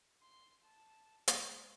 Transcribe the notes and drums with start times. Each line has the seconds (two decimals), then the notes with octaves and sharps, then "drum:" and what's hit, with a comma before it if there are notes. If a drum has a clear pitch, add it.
0.22 C6
0.64 A5
1.28 G#3, drum: hi-hat